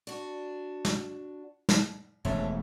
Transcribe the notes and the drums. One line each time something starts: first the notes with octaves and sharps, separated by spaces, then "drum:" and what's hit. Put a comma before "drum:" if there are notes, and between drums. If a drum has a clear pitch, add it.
D4 F#4
drum: snare
drum: snare
E1 F2 A3 D4 C#5 E5